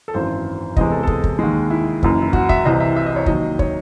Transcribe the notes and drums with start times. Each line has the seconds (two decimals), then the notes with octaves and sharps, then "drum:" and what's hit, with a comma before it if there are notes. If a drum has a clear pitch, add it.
0.08 A4
0.13 G#1 F#2 E3 C5
0.77 E2 C3 E3 G#3 D#5, drum: kick
0.92 A4
1.03 A4
1.07 G#4, drum: kick
1.24 drum: kick
1.39 D#2 D#3 G#3
1.70 E4
2.03 F#1 F#2 E3, drum: kick
2.22 E4
2.33 F#4, drum: kick
2.49 E5, drum: kick
2.65 C2 C3 E3 D#5
2.80 E5
2.96 E5
3.06 D#5
3.16 C#5
3.26 D#2 D#3 F#3 D#5, drum: kick
3.59 C#5, drum: kick